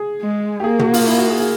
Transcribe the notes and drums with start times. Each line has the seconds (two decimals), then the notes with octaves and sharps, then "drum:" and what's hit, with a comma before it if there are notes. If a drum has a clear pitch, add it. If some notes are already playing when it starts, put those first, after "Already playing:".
Already playing: G#4
0.22 G#3
0.60 G4
0.64 A#3 G#4
0.79 F#4, drum: tom
0.94 F4, drum: open hi-hat
1.07 E4
1.18 F#4
1.30 G#4
1.40 G#4